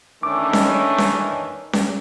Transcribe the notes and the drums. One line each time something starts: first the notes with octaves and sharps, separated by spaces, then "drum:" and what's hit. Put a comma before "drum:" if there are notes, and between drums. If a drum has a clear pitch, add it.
D#3 E3 A3 C#4 D4 D6
drum: snare C#4
drum: snare C#4
drum: snare C#4